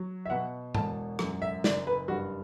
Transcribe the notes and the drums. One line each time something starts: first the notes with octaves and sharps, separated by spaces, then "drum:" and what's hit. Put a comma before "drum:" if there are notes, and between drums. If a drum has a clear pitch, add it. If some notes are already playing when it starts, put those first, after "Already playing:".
Already playing: F#3
E5
B2 F#5
E1 A5, drum: tom G#2
F#2, drum: rim click
E5
F#1 D5, drum: snare
B4
G2 F#4